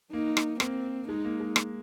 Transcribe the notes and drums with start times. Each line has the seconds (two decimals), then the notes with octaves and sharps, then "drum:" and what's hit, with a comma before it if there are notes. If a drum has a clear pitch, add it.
0.12 A#3 D#4
0.37 drum: rim click
0.60 A#3 C4, drum: rim click
1.08 G#3 D#4
1.25 A#3
1.40 G#3
1.56 drum: rim click